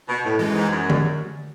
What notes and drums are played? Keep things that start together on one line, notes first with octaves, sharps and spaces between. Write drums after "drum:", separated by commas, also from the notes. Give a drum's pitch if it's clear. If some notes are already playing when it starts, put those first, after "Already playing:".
B2
A2
F#2 E3 G#3
G#2
F#2
drum: tom D3